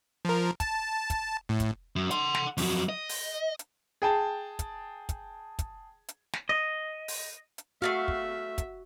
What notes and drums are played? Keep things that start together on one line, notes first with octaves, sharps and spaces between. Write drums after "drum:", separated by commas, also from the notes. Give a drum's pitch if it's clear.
F3 A#4
A5, drum: kick, hi-hat
drum: kick, hi-hat
A2
drum: kick, hi-hat
F#2
F#5 C6, drum: hi-hat
drum: snare
F2 F#3, drum: open hi-hat
D#5
drum: open hi-hat
drum: hi-hat
G#4 G5 A5
drum: kick, hi-hat
drum: kick, hi-hat
drum: kick, hi-hat
drum: hi-hat
drum: snare
D#5
drum: open hi-hat
drum: hi-hat
A3 A#3 F#4 E5 F5
drum: kick
drum: kick, hi-hat